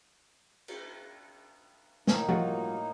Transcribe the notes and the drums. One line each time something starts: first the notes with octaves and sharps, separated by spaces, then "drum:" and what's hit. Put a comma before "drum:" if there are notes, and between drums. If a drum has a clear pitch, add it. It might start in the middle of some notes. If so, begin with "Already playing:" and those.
drum: cymbal
A2 A#3 D#4, drum: snare
G2 F4 F#4, drum: tom F3